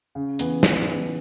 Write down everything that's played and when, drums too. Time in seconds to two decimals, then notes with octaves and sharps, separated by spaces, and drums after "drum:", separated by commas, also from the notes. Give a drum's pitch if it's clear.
0.15 C#3
0.39 E3 B3, drum: hi-hat
0.63 C#3, drum: snare
0.88 E3 B3